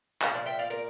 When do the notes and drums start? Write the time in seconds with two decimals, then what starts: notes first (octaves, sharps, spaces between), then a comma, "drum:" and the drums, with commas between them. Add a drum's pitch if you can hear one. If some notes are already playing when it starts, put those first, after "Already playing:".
0.22 A#2 F3, drum: clap
0.34 D5 F5
0.46 E5 G5
0.59 D5 F5
0.70 A#4 D5